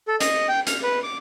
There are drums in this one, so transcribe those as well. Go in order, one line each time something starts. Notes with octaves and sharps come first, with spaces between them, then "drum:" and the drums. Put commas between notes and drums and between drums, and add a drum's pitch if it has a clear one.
A4
D#5, drum: hi-hat
G5
F6, drum: hi-hat
B4
D6